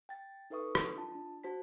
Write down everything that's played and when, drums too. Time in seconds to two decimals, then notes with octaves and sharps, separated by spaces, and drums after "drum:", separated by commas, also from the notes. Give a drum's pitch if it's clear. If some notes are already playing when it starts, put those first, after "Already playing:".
0.09 G5 A6
0.50 D#4 A4 B4 E5 C#6 D#6
0.75 drum: rim click
0.95 D4 F4 A5
1.15 D4
1.44 F#4 C5 A5 B6